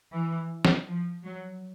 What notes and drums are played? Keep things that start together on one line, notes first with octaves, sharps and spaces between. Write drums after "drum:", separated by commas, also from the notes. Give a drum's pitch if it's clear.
E3
drum: snare
F3
F#3